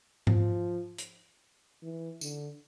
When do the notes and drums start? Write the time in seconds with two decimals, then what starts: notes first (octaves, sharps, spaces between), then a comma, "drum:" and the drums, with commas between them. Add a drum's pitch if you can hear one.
0.27 F3, drum: tom G#2
0.98 drum: hi-hat
1.82 E3
2.21 D3, drum: tambourine